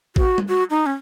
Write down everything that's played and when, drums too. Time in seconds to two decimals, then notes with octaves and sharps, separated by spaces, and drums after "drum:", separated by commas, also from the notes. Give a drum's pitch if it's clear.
0.16 F#4, drum: kick
0.38 drum: tom
0.48 F#4
0.70 D#4
0.86 C#4